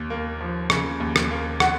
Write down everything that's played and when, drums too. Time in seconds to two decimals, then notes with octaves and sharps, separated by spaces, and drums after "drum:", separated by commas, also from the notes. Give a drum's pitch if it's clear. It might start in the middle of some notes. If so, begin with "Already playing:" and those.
Already playing: D#2
0.10 A#3
0.41 F3
0.70 C#3, drum: rim click
1.00 D#2
1.16 drum: rim click
1.31 A#3
1.60 F#5, drum: rim click